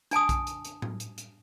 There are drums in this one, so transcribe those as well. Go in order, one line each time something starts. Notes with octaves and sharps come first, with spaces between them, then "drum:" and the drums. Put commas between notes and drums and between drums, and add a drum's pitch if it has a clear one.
D4 G#5 A5 D#6, drum: hi-hat
drum: kick B1, hi-hat
drum: hi-hat
drum: hi-hat
drum: tom A2
drum: hi-hat
drum: hi-hat